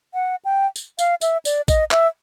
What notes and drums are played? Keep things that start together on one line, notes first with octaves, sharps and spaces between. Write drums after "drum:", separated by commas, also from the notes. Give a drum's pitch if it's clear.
F#5
G5
drum: tambourine
F5, drum: tambourine
E5, drum: tambourine
D5, drum: tambourine
D#5, drum: kick, tambourine
E5, drum: clap